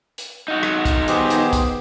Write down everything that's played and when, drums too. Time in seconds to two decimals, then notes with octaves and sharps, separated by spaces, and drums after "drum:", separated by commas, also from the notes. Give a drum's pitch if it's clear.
0.18 drum: hi-hat
0.48 D#4 F#4
0.63 drum: rim click
0.85 drum: kick, hi-hat
1.08 D#3 B3 G4 G#4 C5, drum: hi-hat
1.30 drum: hi-hat
1.53 drum: kick, hi-hat